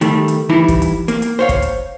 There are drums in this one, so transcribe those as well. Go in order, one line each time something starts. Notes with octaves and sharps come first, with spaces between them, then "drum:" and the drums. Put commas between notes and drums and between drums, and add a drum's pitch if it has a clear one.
D#3 G3 A3, drum: hi-hat
drum: hi-hat
E3 G3 D#4 E4
drum: kick, hi-hat
drum: hi-hat
A#3, drum: hi-hat
drum: hi-hat
C5 C#5 F5
drum: kick, hi-hat
drum: hi-hat